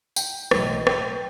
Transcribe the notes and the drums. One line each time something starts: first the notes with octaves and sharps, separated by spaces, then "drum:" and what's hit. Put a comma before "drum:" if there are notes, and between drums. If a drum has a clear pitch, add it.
G5, drum: tambourine
B1 A2 E3, drum: rim click
G5, drum: rim click